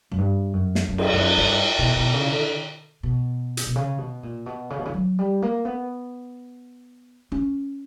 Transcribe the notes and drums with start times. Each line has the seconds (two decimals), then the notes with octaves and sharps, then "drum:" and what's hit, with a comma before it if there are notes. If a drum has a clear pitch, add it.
0.11 F#2
0.18 G2
0.53 F#2
0.75 drum: snare
0.89 F#2
0.98 drum: cymbal
1.13 F#2
1.37 G2
1.79 B2
1.97 B2
2.14 C#3
2.32 D3
3.03 B2
3.57 drum: hi-hat
3.67 B2
3.75 C#3
3.98 B2
4.23 A#2
4.46 B2
4.70 C#3
4.78 B2
4.85 C#3
4.94 F#3
5.19 G3
5.42 A#3
5.65 B3
7.32 C#4